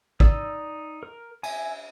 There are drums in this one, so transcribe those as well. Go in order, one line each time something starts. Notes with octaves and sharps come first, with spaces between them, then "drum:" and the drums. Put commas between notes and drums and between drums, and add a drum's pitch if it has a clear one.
D#4 D5 E6, drum: kick
A#4
E5 G#5, drum: cymbal